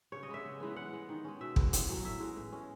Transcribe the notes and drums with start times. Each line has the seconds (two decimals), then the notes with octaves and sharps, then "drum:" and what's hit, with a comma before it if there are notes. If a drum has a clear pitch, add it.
0.12 C#3 C#5
0.23 D#5
0.29 G#3 B3 E5
0.45 C#3
0.60 E3 G#3 B3
0.76 E3 F#5
0.93 G#3 B3
1.09 D#3
1.25 G#3 C#4
1.41 B2 E5
1.56 G#3 B3, drum: kick
1.73 A2, drum: hi-hat
1.89 F#3 A3 C#4
2.04 A2 E5
2.20 E3 G#3
2.36 A2
2.52 G#3 C#4